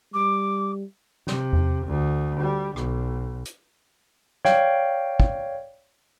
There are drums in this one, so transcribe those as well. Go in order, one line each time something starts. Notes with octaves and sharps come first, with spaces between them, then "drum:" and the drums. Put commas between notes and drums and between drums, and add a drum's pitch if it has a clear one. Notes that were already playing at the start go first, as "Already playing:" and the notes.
G3 D6
C3, drum: snare
drum: tom E2
D2
G3
B1, drum: rim click
drum: hi-hat
C#5 D5 F5 G5, drum: snare
drum: kick